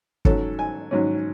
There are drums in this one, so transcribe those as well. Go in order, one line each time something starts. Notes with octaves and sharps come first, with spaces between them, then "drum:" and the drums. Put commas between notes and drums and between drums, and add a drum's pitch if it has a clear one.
G#2 F#3 C#4 A4, drum: kick
G#5
G#2 F#3 C#4